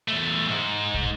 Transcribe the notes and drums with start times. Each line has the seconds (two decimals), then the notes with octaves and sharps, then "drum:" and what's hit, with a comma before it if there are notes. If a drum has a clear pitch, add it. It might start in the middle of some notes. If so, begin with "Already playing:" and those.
0.08 E2 A3
0.49 G#2
0.94 drum: kick